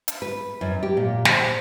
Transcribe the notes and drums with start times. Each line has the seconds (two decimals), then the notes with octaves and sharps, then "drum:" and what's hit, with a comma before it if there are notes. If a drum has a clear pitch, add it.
0.08 drum: hi-hat
0.22 B4
0.61 F#2
0.83 G4
0.97 A#2
1.25 C5, drum: snare